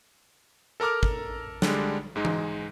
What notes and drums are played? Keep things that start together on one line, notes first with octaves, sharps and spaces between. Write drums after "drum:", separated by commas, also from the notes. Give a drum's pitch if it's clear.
A4 A#4 A#5 D6 F6
drum: kick
D3 G3 G#3 D4, drum: snare
G#2 G#3 D#4
drum: tom E3